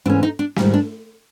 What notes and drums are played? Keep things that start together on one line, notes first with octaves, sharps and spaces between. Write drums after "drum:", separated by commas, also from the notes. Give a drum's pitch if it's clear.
G#2 E3 A3 C#4 D4
D#4
D4
G#2 D#3 G3, drum: snare
D4